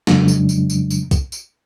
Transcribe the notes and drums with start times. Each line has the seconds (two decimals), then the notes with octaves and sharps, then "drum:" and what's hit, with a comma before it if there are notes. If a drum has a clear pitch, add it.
0.07 F2 C#3 F#3 G#3 D4, drum: snare
0.28 drum: tambourine
0.49 drum: tambourine
0.70 drum: tambourine
0.90 drum: tambourine
1.11 drum: kick C2, tambourine
1.32 drum: tambourine